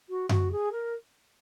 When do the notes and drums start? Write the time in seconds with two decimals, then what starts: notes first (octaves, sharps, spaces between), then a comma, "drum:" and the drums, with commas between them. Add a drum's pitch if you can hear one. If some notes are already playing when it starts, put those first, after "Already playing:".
0.09 F#4
0.29 F#4, drum: tom F#2
0.51 G#4
0.71 A#4